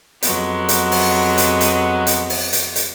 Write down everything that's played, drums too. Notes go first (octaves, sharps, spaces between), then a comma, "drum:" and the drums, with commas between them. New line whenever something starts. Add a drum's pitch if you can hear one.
F2 F#3 G#3 B3, drum: hi-hat
drum: hi-hat
drum: open hi-hat
drum: hi-hat
drum: hi-hat
drum: hi-hat
drum: open hi-hat
drum: hi-hat
drum: hi-hat